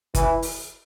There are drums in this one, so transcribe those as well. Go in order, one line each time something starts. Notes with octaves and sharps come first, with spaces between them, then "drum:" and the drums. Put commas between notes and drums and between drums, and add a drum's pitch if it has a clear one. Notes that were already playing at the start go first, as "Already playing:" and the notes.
E3, drum: kick F#1, hi-hat
drum: open hi-hat